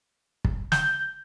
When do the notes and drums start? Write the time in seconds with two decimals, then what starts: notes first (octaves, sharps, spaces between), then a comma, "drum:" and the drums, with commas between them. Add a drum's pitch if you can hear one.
0.45 drum: kick
0.72 G6, drum: snare